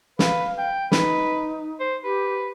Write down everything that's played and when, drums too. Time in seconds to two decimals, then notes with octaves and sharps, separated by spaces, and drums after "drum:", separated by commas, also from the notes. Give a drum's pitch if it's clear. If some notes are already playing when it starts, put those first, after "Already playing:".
0.19 B4 F5, drum: snare
0.58 G5
0.92 D#4 B4, drum: snare
1.80 C5
2.04 G4 B4